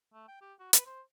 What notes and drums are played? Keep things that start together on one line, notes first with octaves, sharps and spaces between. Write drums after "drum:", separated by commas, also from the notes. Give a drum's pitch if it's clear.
A3
G5
G4
F#4
B4, drum: hi-hat
C5